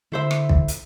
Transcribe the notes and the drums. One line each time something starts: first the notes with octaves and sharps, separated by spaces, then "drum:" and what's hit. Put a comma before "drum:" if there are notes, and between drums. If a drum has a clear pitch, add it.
D3 E4 C5 E5
drum: rim click
drum: kick
drum: hi-hat